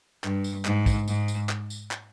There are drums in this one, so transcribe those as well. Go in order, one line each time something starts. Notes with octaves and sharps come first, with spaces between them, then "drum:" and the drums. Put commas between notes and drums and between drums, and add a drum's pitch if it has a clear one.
G2, drum: clap
drum: tambourine
G#2, drum: clap
drum: kick, tambourine
G#2, drum: tambourine
drum: tambourine
drum: clap
drum: tambourine
drum: clap